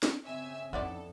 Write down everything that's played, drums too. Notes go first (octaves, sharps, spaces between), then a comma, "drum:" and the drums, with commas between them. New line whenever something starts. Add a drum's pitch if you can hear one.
drum: snare
C#3 C4 E5 G#5 E6
F2 B3 C#4 D#4 E4 A4 D5